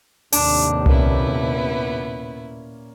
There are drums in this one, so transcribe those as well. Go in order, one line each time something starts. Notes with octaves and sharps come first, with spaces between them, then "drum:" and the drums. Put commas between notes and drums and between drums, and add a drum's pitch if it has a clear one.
D#2 A2 C3 D4, drum: open hi-hat
A#2 A#3 B3 C#4 E4, drum: tom C2